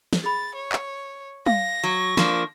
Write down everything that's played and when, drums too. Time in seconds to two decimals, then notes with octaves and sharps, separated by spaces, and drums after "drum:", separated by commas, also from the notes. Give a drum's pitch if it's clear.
0.13 drum: snare
0.24 G#4 B5 A6
0.54 C#5
0.72 drum: clap
1.46 F5 A#6, drum: tom
1.83 F#3 C#6
2.17 F3 A#3 D4, drum: snare